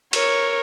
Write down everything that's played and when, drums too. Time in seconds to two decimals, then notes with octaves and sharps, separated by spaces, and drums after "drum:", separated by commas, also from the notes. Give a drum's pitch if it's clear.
0.13 A#4 C#5, drum: cymbal